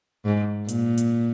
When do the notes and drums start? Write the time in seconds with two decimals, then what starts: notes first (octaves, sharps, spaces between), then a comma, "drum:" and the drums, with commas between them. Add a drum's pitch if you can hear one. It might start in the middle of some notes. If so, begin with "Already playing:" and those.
0.25 G#2
0.68 A#2, drum: hi-hat
0.98 drum: hi-hat